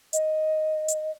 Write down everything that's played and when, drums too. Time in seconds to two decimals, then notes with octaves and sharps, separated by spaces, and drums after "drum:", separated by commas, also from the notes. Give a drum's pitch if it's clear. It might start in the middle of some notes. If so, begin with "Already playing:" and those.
0.13 D#5, drum: hi-hat
0.88 drum: hi-hat